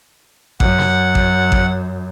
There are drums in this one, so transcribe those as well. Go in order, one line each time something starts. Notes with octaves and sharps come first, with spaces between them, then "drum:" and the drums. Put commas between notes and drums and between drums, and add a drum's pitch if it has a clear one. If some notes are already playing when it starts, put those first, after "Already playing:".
F#2 F#5, drum: kick A1
drum: snare
drum: kick A1
drum: kick A1